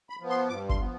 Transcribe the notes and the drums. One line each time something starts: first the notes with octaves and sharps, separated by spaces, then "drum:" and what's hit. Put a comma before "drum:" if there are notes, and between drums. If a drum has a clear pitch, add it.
B5
F3 B3
C6
G2 D6
C6, drum: kick G1
F3 B3